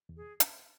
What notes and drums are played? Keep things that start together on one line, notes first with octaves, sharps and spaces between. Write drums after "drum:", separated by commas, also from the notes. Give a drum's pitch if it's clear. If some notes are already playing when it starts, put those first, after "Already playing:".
E2
G#4
drum: hi-hat